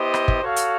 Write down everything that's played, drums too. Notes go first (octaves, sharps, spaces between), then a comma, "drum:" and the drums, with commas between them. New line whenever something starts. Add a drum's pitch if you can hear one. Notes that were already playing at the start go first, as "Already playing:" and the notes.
Already playing: B3 E4 G4 C5 D#5
drum: rim click
drum: kick
F#4 A4 C#5 F5
drum: hi-hat